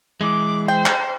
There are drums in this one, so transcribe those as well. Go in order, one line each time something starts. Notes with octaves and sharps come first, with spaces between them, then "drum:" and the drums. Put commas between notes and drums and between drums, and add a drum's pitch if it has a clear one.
E3 G#3 D6
C5 G5
drum: clap